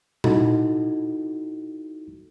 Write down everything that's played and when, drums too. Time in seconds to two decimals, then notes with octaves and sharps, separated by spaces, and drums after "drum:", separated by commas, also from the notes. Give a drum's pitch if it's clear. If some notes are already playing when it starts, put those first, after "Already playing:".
0.24 D#4 E4 F#4 A4, drum: tom A#2